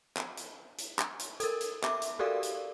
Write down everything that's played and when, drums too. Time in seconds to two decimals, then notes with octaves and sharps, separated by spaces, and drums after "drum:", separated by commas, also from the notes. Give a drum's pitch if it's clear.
0.17 drum: clap
0.37 drum: hi-hat
0.78 drum: hi-hat
0.99 drum: clap
1.19 drum: hi-hat
1.40 A4 A#4, drum: hi-hat
1.61 drum: hi-hat
1.83 E5 D6, drum: clap
2.02 drum: hi-hat
2.19 F#4 G4 A4 A#4 D5 F5
2.43 drum: hi-hat